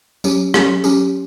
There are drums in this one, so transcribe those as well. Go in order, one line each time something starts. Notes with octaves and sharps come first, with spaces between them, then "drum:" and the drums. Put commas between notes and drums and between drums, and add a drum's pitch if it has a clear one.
F#3 C#4 G4, drum: tambourine
F#3 C#4 G4, drum: rim click
F#3 C#4 G4, drum: tambourine